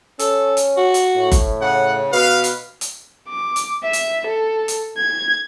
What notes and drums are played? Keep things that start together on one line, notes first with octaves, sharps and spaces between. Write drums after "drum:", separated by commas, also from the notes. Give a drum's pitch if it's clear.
C#4 A4, drum: hi-hat
drum: hi-hat
F#4
drum: hi-hat
A2
drum: kick F#1, hi-hat
C#3 F#5
B2 B4 F5
drum: hi-hat
drum: hi-hat
D6
drum: hi-hat
E5
drum: hi-hat
A4
drum: hi-hat
G#6